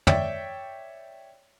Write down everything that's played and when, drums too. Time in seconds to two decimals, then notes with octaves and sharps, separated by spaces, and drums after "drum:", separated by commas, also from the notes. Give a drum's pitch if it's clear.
0.07 C#5 D5 E5 G5, drum: tom